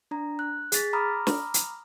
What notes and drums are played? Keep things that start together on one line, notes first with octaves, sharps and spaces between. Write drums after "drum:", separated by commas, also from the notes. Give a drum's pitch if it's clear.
D4 A#5
F#6
G#4 A6 B6, drum: hi-hat
A#5 B5 D6 D#6 F6
drum: snare
drum: hi-hat